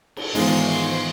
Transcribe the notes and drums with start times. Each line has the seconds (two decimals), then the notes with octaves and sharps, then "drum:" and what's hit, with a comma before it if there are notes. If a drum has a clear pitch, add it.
0.17 drum: cymbal
0.35 G#2 D#3 E3 G#3 B3 D#4 F4 C5, drum: open hi-hat